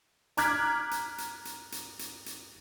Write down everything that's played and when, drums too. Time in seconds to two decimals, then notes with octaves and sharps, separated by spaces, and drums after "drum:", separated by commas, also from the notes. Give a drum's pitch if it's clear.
0.37 A#5 D6 F6 F#6 G#6 B6, drum: hi-hat
0.91 drum: hi-hat
1.18 drum: hi-hat
1.45 drum: hi-hat
1.72 drum: hi-hat
1.99 drum: hi-hat
2.26 drum: hi-hat